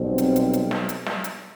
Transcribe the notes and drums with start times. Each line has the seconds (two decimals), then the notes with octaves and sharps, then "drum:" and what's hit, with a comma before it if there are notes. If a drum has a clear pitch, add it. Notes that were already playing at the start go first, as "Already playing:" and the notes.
Already playing: B1 B2 G3 C4
0.18 drum: hi-hat
0.36 drum: hi-hat
0.53 drum: hi-hat
0.71 drum: snare
0.89 drum: hi-hat
1.06 drum: snare
1.24 drum: hi-hat